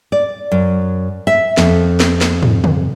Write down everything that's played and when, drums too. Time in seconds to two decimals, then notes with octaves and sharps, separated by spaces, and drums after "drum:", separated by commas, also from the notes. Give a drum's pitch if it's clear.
0.12 D5
0.52 F#2
1.27 E5
1.57 F2, drum: snare
2.00 drum: snare
2.21 drum: snare
2.43 drum: tom
2.64 drum: tom